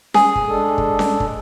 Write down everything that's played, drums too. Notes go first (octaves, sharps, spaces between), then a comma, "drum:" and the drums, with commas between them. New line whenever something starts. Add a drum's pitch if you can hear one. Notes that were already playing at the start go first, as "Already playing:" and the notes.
G#4, drum: snare C#4
drum: kick
G#3 D4 A4
drum: kick
drum: snare C#4
drum: kick